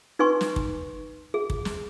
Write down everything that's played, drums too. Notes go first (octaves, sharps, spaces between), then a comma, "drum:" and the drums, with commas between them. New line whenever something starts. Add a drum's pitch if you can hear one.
D#4 B4 G#5 C6 C#6
drum: snare
drum: kick
G#4
drum: kick
drum: snare